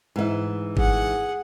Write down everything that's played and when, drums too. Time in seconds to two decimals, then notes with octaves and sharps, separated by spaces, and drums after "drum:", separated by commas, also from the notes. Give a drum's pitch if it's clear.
0.16 G#2 E3
0.77 G#4 F#5, drum: kick G1